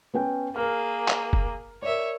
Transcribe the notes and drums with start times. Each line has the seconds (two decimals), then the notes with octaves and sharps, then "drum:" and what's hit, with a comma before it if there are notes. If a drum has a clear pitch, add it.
0.14 B3 C#4 G5
0.56 A#3 G#4 A#4 F6
1.08 drum: clap
1.33 drum: kick F1
1.82 A#4 C#5 D5 E5